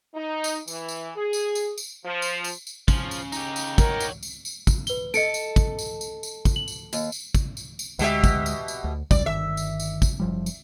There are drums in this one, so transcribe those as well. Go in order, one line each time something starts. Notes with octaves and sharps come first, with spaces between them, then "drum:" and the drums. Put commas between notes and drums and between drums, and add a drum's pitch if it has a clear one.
D#4
drum: tambourine
E3, drum: tambourine
drum: tambourine
G#4
drum: tambourine
drum: tambourine
drum: tambourine
F3
drum: tambourine
drum: tambourine
drum: tambourine
C#3 F3, drum: kick, tambourine
drum: tambourine
D#4 G4, drum: tambourine
drum: tambourine
A#4 C#5 F#5, drum: kick, tambourine
drum: tambourine
drum: tambourine
drum: tambourine
drum: kick, tambourine
B4 G7, drum: tambourine
A4 D#5 C#7 D7, drum: tambourine
drum: tambourine
drum: kick, tambourine
drum: tambourine
drum: tambourine
drum: tambourine
drum: kick, tambourine
F#7
drum: tambourine
D#2, drum: tambourine
drum: tambourine
drum: kick, tambourine
drum: tambourine
drum: tambourine
D2 B2 G#3 G4 E5, drum: tambourine
drum: kick, tambourine
drum: tambourine
drum: tambourine
D2
F1 C#2 G3 D5, drum: kick, tambourine
G1 D#3 E5
drum: tambourine
drum: tambourine
drum: kick, tambourine
F#1 F3 G3
drum: tambourine